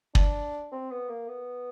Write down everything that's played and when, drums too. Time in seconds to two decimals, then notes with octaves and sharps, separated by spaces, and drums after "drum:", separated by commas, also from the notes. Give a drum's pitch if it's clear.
0.15 D4, drum: kick
0.72 C4
0.91 B3
1.09 A#3
1.29 B3